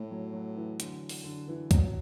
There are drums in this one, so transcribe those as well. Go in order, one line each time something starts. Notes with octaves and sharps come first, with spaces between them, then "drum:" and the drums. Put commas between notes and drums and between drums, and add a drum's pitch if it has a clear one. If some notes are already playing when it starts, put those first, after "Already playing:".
Already playing: A2
F#3
F#3
E3
D3, drum: hi-hat
drum: open hi-hat
D3
E3
F#3, drum: kick C#2, hi-hat